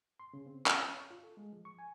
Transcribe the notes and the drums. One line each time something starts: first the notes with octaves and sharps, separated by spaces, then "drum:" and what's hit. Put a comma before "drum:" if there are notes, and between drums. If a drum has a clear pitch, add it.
C6
C#3
C4
C#4, drum: clap
C#5
C#6
F4
A4
G#3
F3
C#6
G#5